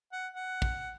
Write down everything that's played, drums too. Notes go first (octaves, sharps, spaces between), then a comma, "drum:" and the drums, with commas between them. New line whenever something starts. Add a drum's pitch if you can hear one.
F#5
F#5
drum: kick